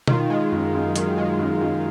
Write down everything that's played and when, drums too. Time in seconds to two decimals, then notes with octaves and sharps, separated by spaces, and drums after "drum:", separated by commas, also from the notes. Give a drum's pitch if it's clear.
0.07 D#3 F4, drum: tom B2
0.30 G#3
0.52 F#2
0.73 F#2
0.96 D#3, drum: hi-hat
1.18 G#3
1.39 F#2
1.62 F#2